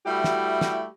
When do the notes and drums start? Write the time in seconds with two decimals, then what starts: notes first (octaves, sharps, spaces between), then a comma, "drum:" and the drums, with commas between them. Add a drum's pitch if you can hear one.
0.06 G3 A3 E4 F#4 G4
0.24 drum: snare
0.61 drum: snare